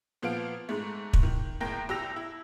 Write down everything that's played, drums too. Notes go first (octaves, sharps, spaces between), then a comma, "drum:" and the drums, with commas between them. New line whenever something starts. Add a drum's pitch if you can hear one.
A#2 F3 B3 F5 D7
G#2 G#3 A3
drum: kick
D#3
F#1 A2 A#4 G5 A#6
C2 G4 E6 A#6 F7
E4